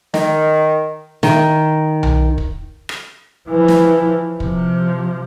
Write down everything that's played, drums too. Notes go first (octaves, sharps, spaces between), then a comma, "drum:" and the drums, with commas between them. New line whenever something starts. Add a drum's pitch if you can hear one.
D#3, drum: snare
D#3, drum: snare
drum: tom B1
drum: kick
drum: rim click
E3 F3
drum: snare
C3 F3, drum: kick